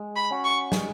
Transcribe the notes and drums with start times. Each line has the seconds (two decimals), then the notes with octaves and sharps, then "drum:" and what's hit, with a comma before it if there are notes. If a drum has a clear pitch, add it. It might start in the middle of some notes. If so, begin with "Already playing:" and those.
Already playing: G#3
0.16 B5
0.31 C#4 F#4
0.44 C#6
0.72 G#3, drum: snare